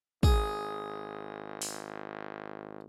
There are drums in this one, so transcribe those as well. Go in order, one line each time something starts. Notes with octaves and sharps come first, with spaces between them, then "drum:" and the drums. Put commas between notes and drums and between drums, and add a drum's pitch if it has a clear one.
G#1 G#4, drum: kick
drum: open hi-hat